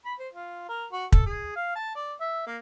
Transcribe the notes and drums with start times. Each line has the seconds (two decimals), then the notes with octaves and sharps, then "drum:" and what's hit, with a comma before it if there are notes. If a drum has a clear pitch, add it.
0.05 B5
0.19 C5
0.33 F4
0.69 A#4
0.92 F#4
1.12 A4, drum: kick
1.26 G#4
1.56 F5
1.76 A5
1.96 D5
2.21 E5
2.47 A#3